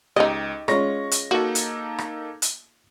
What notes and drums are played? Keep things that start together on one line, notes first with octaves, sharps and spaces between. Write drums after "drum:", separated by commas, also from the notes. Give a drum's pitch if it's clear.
C#2 D#4 G4 D#5
G#3 C#4 F4 C#6 A#6, drum: rim click
drum: hi-hat
A#3 D#4 F#4 A4
drum: hi-hat
drum: rim click
drum: hi-hat